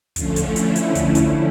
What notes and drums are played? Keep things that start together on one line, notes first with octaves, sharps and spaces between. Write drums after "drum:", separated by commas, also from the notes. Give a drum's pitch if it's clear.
D3 F3 A3 C#4 F4, drum: kick, hi-hat
drum: kick, hi-hat
E4
drum: hi-hat
drum: hi-hat
drum: kick, hi-hat
drum: kick, hi-hat